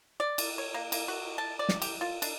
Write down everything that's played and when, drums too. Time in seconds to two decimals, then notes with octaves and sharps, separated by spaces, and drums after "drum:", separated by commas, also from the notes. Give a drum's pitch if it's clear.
0.20 D5
0.38 drum: cymbal
0.58 C#5
0.74 A#3
0.92 A#3, drum: cymbal
1.08 F#4
1.38 A5
1.59 D5
1.69 drum: snare
1.82 G4, drum: cymbal
2.01 F4
2.22 D4, drum: cymbal